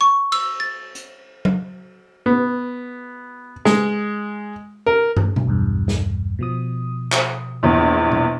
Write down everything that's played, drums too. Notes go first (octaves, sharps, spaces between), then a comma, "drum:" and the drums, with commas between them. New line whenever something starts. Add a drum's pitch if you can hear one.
C#6
E6, drum: cymbal
A6
drum: hi-hat
drum: tom F#3
B3
G#3, drum: snare
A#4
drum: tom
drum: tom B2
B1 E2 G2
drum: snare
B2 F3 D#6
drum: clap
A#1 E2
drum: tom B2